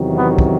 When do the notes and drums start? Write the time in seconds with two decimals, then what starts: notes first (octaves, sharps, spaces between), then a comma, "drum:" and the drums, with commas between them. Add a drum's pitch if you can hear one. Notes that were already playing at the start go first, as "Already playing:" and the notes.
Already playing: E2 C3 D#3 F#3
0.17 B3
0.38 drum: kick